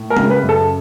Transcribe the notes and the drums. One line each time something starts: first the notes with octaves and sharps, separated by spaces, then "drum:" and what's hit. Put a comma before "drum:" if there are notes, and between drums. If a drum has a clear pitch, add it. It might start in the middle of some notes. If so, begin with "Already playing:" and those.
Already playing: A2
A#4
C#3, drum: tom G#3
B4
F#2
A4